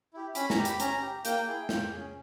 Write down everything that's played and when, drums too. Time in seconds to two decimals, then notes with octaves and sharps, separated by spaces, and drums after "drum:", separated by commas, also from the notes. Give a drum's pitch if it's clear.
0.14 E4 G4
0.35 C#4 B5, drum: hi-hat
0.50 A#5, drum: snare
0.58 G4
0.65 B5, drum: hi-hat
0.80 C#4 A#5, drum: hi-hat
1.02 G4
1.25 A#3 G5, drum: hi-hat
1.47 E4 G#4
1.69 A#3, drum: snare
1.91 C#4 G#4